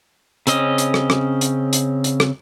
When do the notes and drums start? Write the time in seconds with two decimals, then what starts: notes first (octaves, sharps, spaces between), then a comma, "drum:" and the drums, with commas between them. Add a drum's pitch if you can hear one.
0.47 C#3 C4 C#4 D#5, drum: hi-hat
0.78 drum: hi-hat
0.94 drum: rim click
1.10 drum: rim click
1.41 drum: hi-hat
1.73 drum: hi-hat
2.04 drum: hi-hat
2.20 drum: rim click